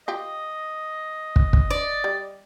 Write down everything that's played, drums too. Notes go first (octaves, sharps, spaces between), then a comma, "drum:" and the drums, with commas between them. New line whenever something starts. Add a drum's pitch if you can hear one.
F4 G4 D#5
drum: kick
drum: kick
D5
G3